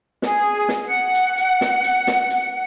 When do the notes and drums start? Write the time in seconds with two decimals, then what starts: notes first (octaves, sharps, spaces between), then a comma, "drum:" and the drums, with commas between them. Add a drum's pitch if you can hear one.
0.22 G#4, drum: snare
0.69 drum: snare
0.85 F#5
1.15 drum: hi-hat
1.38 drum: hi-hat
1.61 drum: snare
1.84 drum: hi-hat
2.07 drum: snare
2.30 drum: hi-hat